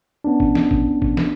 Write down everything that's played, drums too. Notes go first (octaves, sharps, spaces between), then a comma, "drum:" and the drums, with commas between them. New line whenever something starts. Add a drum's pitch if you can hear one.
B3 C#4 D4
drum: kick G#1
drum: snare
drum: kick G#1
drum: kick G#1
drum: snare